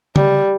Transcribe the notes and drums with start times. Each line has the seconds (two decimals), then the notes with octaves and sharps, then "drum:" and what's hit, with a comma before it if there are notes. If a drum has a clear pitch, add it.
0.16 G3, drum: tom C#3